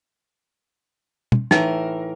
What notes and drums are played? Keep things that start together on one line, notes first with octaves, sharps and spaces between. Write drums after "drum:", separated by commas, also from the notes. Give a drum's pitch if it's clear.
drum: tom
A2 E3 D#4 A#4, drum: snare